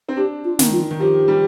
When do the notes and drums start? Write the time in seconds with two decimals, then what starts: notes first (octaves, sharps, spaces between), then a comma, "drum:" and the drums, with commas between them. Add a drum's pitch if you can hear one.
0.09 C4
0.17 D4 G4
0.45 F4
0.59 D#3, drum: snare
0.73 F4
0.91 D#3
1.00 F3 G4
1.28 G3